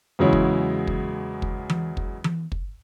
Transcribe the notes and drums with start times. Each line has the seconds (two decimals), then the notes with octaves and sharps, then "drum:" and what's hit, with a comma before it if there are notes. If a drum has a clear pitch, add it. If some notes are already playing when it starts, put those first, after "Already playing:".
0.19 E2 C#3 F#3 G#3 E4 C#5
0.33 drum: kick
0.87 drum: kick
1.42 drum: kick
1.70 drum: tom E3
1.97 drum: kick
2.24 drum: tom E3
2.52 drum: kick